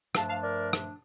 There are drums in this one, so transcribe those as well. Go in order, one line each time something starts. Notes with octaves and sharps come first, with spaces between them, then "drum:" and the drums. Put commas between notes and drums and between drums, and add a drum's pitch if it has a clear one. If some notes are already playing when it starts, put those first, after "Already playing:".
G2 F3 A3 D4 F5 A5, drum: rim click
F5 A5
A#4 D5
drum: rim click